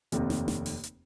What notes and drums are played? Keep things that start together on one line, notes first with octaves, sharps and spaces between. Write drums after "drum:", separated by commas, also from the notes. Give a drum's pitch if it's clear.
F1 D#2 C3, drum: hi-hat
drum: snare
drum: snare
drum: open hi-hat
drum: hi-hat